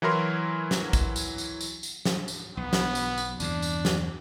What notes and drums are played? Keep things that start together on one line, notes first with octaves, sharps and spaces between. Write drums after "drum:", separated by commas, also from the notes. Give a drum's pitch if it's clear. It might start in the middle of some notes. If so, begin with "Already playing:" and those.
E3 F#3 E4 A#4 C6
drum: snare
drum: kick A1, tambourine
drum: tambourine
drum: tambourine
drum: tambourine
drum: tambourine
drum: snare
drum: tambourine
B1 B3
drum: snare
drum: tambourine
drum: tambourine
E2 G2 C3 D4, drum: tambourine
drum: tambourine
drum: snare